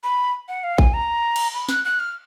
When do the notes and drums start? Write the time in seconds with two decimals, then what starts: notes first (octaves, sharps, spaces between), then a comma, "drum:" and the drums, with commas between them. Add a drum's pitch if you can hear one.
0.04 B5
0.49 F#5
0.64 F5
0.78 G#5, drum: kick A1
0.94 A#5
1.36 drum: cymbal
1.54 B5
1.69 F#6, drum: snare
1.85 F#6
2.00 F6